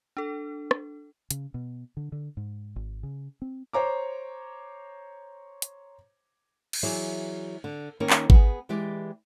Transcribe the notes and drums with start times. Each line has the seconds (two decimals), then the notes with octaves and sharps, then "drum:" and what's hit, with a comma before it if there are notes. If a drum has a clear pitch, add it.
0.17 D4 A4
0.71 drum: rim click
1.31 C#3, drum: hi-hat
1.54 B2
1.97 D3
2.12 D3
2.37 G#2
2.76 G#1
3.03 C#3
3.42 C4
3.73 C5 C#5 A#5 D6
5.62 drum: hi-hat
6.73 drum: cymbal
6.83 E3 F#3 G#4 D5 E5
7.64 D3
8.00 D#3 A#3 C#4 D#4 A#4
8.10 drum: clap
8.30 B3 G#4, drum: kick G#1
8.69 E3 G#3 G4 D5